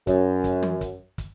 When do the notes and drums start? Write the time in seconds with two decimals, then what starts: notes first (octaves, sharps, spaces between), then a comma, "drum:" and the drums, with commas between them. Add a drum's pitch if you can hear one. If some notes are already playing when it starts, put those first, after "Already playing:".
0.07 F#2, drum: kick, hi-hat
0.44 drum: kick, hi-hat
0.63 drum: tom
0.81 drum: kick, hi-hat
1.18 drum: kick, hi-hat